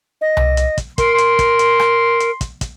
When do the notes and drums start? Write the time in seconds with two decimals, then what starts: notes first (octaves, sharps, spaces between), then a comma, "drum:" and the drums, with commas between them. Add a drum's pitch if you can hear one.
0.21 D#5
0.37 drum: tom C2
0.57 drum: hi-hat
0.78 drum: kick, hi-hat
0.98 A#4 C6, drum: kick, hi-hat
1.18 drum: hi-hat
1.39 drum: kick, hi-hat
1.59 drum: hi-hat
1.80 drum: rim click
2.20 drum: hi-hat
2.41 drum: kick, hi-hat
2.61 drum: kick, hi-hat